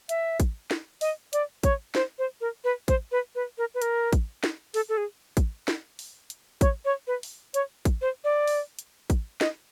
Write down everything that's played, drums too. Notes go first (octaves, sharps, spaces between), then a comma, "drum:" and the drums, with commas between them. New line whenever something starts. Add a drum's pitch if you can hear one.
E5, drum: hi-hat
drum: kick A1, hi-hat
drum: snare
D#5, drum: open hi-hat
D5, drum: hi-hat
C#5, drum: kick A1, hi-hat
C5, drum: snare
C5
A#4
B4
C5, drum: kick A1, hi-hat
B4
B4
A#4
B4
A#4, drum: hi-hat
drum: kick A1, hi-hat
drum: snare
A4, drum: open hi-hat
A4
G#4
drum: kick A1, hi-hat
drum: snare
drum: open hi-hat
drum: hi-hat
C#5, drum: kick A1, hi-hat
C#5
B4
drum: open hi-hat
C#5, drum: hi-hat
drum: kick A1, hi-hat
C5
D5
drum: open hi-hat
drum: hi-hat
drum: kick A1, hi-hat
D#5, drum: snare